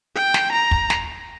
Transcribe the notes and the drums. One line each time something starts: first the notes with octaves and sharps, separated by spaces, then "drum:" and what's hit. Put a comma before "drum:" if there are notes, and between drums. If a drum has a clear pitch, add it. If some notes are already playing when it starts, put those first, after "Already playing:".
G5
drum: snare
A#5
drum: kick
drum: snare